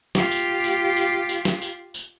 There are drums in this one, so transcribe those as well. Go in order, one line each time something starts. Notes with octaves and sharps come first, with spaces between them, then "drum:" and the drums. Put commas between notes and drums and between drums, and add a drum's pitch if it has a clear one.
F4 G4, drum: snare
drum: tambourine
drum: tambourine
drum: tambourine
drum: tambourine
drum: snare
drum: tambourine
drum: tambourine